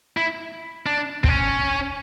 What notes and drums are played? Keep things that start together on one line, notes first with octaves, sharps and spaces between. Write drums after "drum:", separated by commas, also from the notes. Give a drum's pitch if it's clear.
E4
D4
C4, drum: kick
C#4